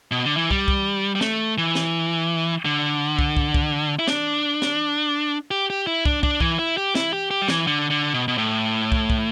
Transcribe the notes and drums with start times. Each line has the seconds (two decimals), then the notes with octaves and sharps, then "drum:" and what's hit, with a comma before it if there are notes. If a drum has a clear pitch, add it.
0.12 B2
0.25 D3
0.37 E3
0.51 G3, drum: kick
0.68 drum: kick
1.15 G3
1.21 A3, drum: snare
1.58 E3
1.75 drum: snare
2.65 D3
3.19 drum: kick
3.37 drum: kick
3.54 drum: kick
3.99 E4
4.08 D4, drum: snare
4.62 drum: snare
5.51 G4
5.70 G4
5.87 E4
6.05 D4, drum: kick
6.23 D4, drum: kick
6.40 E3, drum: kick
6.59 E4
6.77 G4
6.95 E4, drum: snare
7.13 G4
7.31 G4
7.42 G3
7.49 E3, drum: snare
7.67 D3
7.90 D3
8.14 B2
8.28 B2
8.38 A2
8.92 drum: kick
9.10 drum: kick